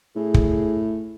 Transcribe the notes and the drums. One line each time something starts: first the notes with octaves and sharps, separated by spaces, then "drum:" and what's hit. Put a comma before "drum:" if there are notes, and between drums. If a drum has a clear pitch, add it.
A2 G#4
drum: kick